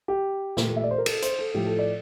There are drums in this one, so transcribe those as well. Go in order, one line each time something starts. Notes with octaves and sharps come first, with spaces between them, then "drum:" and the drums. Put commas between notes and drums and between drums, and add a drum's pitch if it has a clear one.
G4
A#2 A3, drum: snare
E5
D5
C5
A#4
A4, drum: cymbal
C5, drum: hi-hat
A4
A2 F3 A3 G4
A4
D5